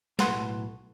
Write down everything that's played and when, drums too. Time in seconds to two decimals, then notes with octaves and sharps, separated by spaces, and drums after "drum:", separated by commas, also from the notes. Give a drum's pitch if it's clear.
0.19 B1 A2 B4 F#5 C6, drum: snare